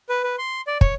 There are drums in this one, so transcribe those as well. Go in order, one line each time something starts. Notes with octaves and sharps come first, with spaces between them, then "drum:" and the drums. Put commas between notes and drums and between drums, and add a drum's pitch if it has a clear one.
B4
B4
C6
D5
C#5, drum: kick